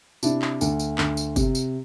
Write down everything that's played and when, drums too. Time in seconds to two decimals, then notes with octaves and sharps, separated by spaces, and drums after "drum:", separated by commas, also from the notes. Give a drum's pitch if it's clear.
0.23 C3 D4 E4, drum: tambourine
0.42 drum: clap
0.61 D2, drum: tambourine
0.79 drum: tambourine
0.98 D2, drum: clap
1.17 drum: tambourine
1.36 C3, drum: kick F#1, tambourine
1.55 drum: tambourine